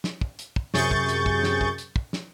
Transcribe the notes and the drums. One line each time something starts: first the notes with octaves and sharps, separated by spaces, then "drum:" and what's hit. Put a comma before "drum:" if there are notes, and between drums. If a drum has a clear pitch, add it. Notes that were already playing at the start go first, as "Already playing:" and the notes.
drum: snare
drum: kick
drum: hi-hat
drum: kick
F#2 C3 G#4 C#6 G6 A6, drum: snare
drum: kick
drum: hi-hat
drum: kick
drum: snare
drum: kick
drum: hi-hat
drum: kick
drum: snare